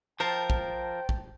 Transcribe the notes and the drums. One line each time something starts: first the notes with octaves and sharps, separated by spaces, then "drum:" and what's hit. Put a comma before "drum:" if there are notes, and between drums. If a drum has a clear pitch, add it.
F3 A#4 C5 G5 A5
drum: kick A#1
drum: kick A#1